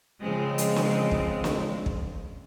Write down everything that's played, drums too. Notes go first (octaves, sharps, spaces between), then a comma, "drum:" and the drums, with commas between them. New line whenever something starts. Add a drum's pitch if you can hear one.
C#3 F3 G#3 C4
drum: hi-hat
drum: snare
drum: kick
drum: snare
drum: kick